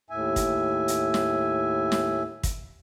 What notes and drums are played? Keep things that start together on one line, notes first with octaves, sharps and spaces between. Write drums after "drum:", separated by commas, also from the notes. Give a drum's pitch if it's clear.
D#2 A2 E5 G#5
drum: kick, hi-hat
drum: hi-hat
drum: snare
drum: snare
drum: kick, hi-hat